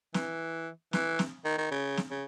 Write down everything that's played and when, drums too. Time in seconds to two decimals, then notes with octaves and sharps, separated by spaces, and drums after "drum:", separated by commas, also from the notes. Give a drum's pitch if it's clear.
0.14 E3, drum: snare
0.93 E3, drum: snare
1.19 drum: snare
1.45 D#3
1.58 D#3
1.71 C#3
1.97 drum: snare
2.11 C#3